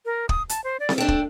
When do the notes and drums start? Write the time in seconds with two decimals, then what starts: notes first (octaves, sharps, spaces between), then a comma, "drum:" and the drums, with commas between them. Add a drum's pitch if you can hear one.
0.05 A#4
0.29 D#6, drum: kick
0.49 A5, drum: hi-hat
0.64 C5
0.80 D5
0.89 drum: snare C4
0.98 A3 D4 G5
1.08 drum: kick